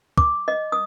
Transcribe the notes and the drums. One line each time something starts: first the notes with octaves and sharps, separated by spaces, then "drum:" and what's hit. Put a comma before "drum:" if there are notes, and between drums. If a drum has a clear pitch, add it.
D6, drum: kick
D#5
D#6